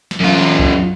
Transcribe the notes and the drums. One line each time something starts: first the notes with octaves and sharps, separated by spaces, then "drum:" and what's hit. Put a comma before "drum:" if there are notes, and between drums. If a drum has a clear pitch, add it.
drum: snare
F#2 F4
drum: kick C2